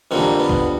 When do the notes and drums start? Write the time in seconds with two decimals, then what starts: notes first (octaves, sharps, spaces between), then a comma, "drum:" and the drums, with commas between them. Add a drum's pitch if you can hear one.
0.11 F2 D3 G3 A#3 C4
0.40 B3
0.49 drum: kick